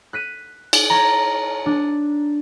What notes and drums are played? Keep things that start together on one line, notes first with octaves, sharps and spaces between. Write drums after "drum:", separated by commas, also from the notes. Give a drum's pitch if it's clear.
F#6 B6 D#7
drum: cymbal
C#5 A5 A#5
D4